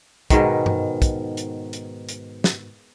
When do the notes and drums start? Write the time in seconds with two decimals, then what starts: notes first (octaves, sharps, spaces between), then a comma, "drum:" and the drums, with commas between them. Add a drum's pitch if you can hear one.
0.30 G#2 B2 D#3, drum: kick, hi-hat
0.66 drum: tom G2
1.02 drum: kick, hi-hat
1.37 drum: hi-hat
1.73 drum: hi-hat
2.09 drum: hi-hat
2.44 drum: snare